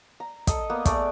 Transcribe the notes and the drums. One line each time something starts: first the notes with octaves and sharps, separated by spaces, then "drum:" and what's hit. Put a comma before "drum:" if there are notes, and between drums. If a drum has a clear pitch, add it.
A#5
A4 D#5, drum: kick, hi-hat
A#3 B3
G#3 A3 D5, drum: kick, hi-hat